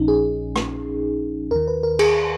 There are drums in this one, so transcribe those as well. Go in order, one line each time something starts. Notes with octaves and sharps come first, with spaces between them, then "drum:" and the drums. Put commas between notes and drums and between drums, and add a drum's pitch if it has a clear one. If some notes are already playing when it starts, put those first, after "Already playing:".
Already playing: A#1 A#2 F3 C#4 D#4
G#4
drum: rim click
D#2 D#3 A#4
B4
A#4
G#4, drum: cymbal